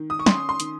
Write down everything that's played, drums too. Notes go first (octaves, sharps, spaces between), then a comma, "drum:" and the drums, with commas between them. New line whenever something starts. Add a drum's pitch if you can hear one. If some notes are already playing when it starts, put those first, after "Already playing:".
Already playing: D#3
D#6
C#6
C#4 C6, drum: snare
C6
D#3, drum: hi-hat